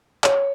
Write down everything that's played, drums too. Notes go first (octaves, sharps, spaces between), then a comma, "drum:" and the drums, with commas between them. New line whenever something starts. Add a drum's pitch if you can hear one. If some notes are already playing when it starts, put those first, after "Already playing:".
C#5, drum: clap